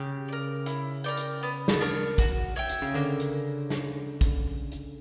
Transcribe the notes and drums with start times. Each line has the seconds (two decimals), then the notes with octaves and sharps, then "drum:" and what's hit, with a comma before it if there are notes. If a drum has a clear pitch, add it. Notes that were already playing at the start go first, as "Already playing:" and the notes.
Already playing: C#3 G4
0.28 A#4 D5
0.66 E4, drum: hi-hat
1.04 A#4 D5 G5
1.17 drum: hi-hat
1.43 B3
1.68 drum: snare
1.81 D4 A#4 C#5
2.18 F#4, drum: kick, hi-hat
2.56 C#5 E5 G5
2.69 drum: hi-hat
2.82 C#3
2.94 D3 A#3
3.20 drum: hi-hat
3.70 drum: snare
4.21 drum: kick, hi-hat
4.72 drum: hi-hat